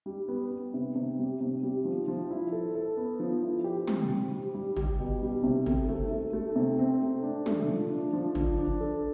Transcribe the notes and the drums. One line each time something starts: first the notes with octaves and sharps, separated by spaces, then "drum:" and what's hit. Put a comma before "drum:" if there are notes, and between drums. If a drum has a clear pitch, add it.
G3
B3
B3
C3
C3
G3
C3
G3
F3
F3
E4
A4
A4
B3
F3
E4
G4
C4, drum: tom
G3
G3
G3
G4, drum: tom
B2
G3
C3
A3, drum: tom
A3
A3
A3
C3
C4
A3
D4
A3, drum: tom
F3
D4
F3
D4, drum: tom
D4
A4